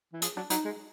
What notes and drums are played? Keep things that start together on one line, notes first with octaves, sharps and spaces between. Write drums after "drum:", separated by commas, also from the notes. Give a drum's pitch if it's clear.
E3
F3 G#4, drum: hi-hat
F#3 D4
F#3 D#4, drum: hi-hat
G#3